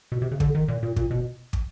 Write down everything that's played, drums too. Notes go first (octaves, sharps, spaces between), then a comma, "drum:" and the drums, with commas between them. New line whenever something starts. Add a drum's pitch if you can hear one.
B2
C3
C#3
D3, drum: kick
D#3
A#2
A#2
A#2, drum: kick
B2
drum: kick